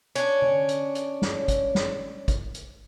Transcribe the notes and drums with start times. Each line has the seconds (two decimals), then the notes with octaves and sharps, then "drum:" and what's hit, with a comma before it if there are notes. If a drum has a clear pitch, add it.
0.15 C#4 D4, drum: hi-hat
0.42 drum: tom D3
0.69 drum: hi-hat
0.95 drum: hi-hat
1.22 drum: snare
1.48 drum: kick, hi-hat
1.75 drum: snare
2.28 drum: kick, hi-hat
2.55 drum: hi-hat